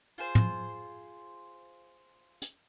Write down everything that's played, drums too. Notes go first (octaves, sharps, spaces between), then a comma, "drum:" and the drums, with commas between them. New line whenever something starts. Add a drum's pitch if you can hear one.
F4 G#4 C5
drum: tom
drum: hi-hat